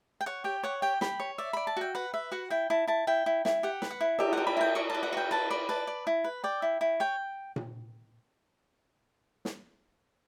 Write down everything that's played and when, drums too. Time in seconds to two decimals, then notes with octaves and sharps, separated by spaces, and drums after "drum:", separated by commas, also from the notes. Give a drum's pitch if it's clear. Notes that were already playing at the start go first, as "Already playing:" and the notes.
0.21 G5
0.26 C#5 F#5
0.44 G4 G5
0.63 C#5 F#5
0.82 G4 G5
1.01 G4 B5, drum: snare
1.20 C#5
1.38 D5 E5
1.53 D5 B5
1.67 A5
1.77 F#4 G5
1.95 B4 F#5
2.14 B4 E5
2.32 F#4 F#5
2.50 E4 G5
2.70 E4 A5
2.87 E4 A5
3.07 E4 G5
3.26 E4
3.45 E4, drum: snare
3.63 G4 F#5
3.82 B4, drum: snare
3.91 F#5
4.01 E4
4.19 G4 E5, drum: cymbal
4.33 G4 F#5
4.47 B5
4.57 E4 G5
4.75 D5 C#6
4.90 B4 A5
5.03 F#5
5.13 F#4 G5
5.31 B4 A5
5.51 D5 B5
5.69 B4 A5
5.87 D5
6.07 E4
6.24 B4
6.44 D5 G5
6.62 E4
6.81 E4
7.00 C#5 G5
7.56 drum: tom A#2
9.45 drum: snare